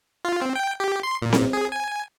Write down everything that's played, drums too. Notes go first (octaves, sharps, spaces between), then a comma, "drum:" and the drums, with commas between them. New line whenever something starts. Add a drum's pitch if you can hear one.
F4
C4
G5
G4
C6
A#2
drum: snare C4
G#4
G#5